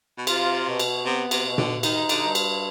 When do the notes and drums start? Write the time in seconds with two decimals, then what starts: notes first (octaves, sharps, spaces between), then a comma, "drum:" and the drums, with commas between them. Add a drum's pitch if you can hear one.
0.18 B2
0.27 C3 F4, drum: cymbal
0.66 B2
0.79 drum: cymbal
1.05 C3 B3
1.31 C3, drum: cymbal
1.45 B2
1.58 D3, drum: tom A#2
1.83 D#3 D#4, drum: cymbal
2.09 D3, drum: cymbal
2.22 G2
2.35 drum: cymbal